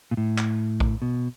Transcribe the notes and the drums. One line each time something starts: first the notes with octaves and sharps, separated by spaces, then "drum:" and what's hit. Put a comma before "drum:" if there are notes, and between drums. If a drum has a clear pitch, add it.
A#2
A2
drum: clap
drum: kick A#1
B2